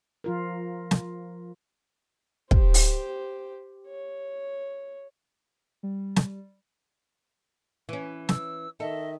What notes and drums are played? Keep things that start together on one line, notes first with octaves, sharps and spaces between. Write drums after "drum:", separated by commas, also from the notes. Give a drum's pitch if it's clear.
F3 F4 A#4
drum: snare
G4 C5, drum: kick
drum: open hi-hat
C#5
G3
drum: snare
E3 C#4
E6, drum: snare
D#3 A4 D#5 E5